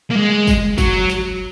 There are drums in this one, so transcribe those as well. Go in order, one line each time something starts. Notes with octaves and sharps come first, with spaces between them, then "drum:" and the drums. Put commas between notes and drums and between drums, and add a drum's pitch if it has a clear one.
A#3
G#3
drum: kick, tambourine
F#3, drum: kick, tambourine
drum: tambourine